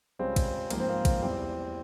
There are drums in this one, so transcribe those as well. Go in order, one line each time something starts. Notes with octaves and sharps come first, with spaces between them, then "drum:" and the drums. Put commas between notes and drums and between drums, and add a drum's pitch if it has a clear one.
C#2 C#3 G3 C4
drum: kick A#1, cymbal
G#2 F3 A#3, drum: cymbal
C4
A#3
drum: kick A#1, cymbal
E2 E3 G3 C4